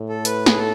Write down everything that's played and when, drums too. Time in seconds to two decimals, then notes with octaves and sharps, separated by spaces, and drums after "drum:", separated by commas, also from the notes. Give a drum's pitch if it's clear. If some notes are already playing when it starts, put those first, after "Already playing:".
Already playing: A2
0.09 A4
0.25 B4, drum: hi-hat
0.46 G#4, drum: snare
0.57 A4